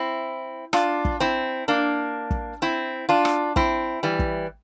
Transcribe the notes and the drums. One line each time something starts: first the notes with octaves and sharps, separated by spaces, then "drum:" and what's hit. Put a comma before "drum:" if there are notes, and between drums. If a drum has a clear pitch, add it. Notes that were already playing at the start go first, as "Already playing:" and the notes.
Already playing: C4 E4
D4 F4, drum: rim click
drum: kick
C4 E4
A#3 D4
drum: kick
C4 E4
D4 F4
drum: rim click
C4 E4, drum: kick
E3 G3
drum: kick